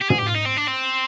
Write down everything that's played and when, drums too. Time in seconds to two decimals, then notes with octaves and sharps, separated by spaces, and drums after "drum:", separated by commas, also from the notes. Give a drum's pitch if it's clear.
0.02 G4
0.10 G#4, drum: tom
0.19 G4
0.27 F4
0.35 D#4
0.46 C4
0.57 D4
0.68 C4